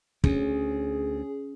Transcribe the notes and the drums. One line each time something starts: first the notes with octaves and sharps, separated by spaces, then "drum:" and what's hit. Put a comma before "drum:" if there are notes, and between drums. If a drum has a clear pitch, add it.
D2 C#4 G#4, drum: kick